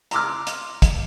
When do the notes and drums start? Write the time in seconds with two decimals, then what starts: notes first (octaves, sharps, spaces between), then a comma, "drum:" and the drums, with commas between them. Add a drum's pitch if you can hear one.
0.11 A#5 C6 D6 F6, drum: hi-hat
0.47 drum: hi-hat
0.82 drum: kick, hi-hat